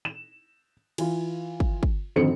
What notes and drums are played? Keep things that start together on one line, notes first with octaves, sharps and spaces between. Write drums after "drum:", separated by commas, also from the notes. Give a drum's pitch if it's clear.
E7
E3 F4, drum: cymbal
drum: kick
drum: kick
G#1 F2 D3 C5 C#7